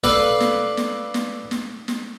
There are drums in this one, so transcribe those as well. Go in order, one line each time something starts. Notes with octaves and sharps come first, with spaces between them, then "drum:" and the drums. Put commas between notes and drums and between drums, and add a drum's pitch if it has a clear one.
A4 B4 D5 F5, drum: snare
drum: snare
drum: snare
drum: snare
drum: snare
drum: snare